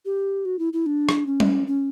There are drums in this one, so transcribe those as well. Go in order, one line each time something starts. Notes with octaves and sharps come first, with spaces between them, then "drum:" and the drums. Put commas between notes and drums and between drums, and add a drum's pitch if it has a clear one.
G4
F#4
E4
E4
D4
drum: rim click
C#4
drum: tom G3
C#4